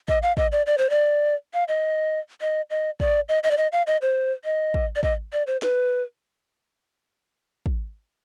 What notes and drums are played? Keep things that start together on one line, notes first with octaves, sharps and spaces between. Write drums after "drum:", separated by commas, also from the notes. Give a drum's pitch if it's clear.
D#5, drum: kick
F5
D#5, drum: kick
D5
D5
C5
D5
F5
D#5
D#5
D#5
D5, drum: kick
D#5
D#5
D5
D#5
F5
D#5
C5
D#5
drum: kick
D5
D#5, drum: kick
D5
C5
B4, drum: snare
drum: kick